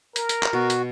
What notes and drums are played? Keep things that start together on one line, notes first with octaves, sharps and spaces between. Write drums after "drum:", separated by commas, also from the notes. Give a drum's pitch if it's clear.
A#4, drum: hi-hat
drum: hi-hat
drum: clap
B2 F#4
drum: hi-hat